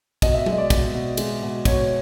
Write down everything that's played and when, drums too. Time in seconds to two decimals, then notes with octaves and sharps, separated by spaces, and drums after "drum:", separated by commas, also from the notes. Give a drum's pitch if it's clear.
0.22 B2 D#5, drum: kick, cymbal
0.34 E5
0.46 G#3, drum: tom F#3
0.52 D#5
0.58 D5
0.70 B2, drum: kick, cymbal
0.94 B2
1.17 G#3, drum: cymbal
1.42 B2
1.65 B2 C#5, drum: kick, cymbal